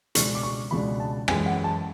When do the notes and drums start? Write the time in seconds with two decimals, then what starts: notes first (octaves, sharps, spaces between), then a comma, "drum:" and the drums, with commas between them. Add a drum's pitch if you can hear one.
0.15 C#2 B2 G#3 D4 C#6, drum: hi-hat
0.35 D6
0.43 C#6
0.71 C#2 B2 G#3 D4 B5
1.00 A5
1.28 F#2 E3 G#3 G#5, drum: rim click
1.46 F#5
1.64 A5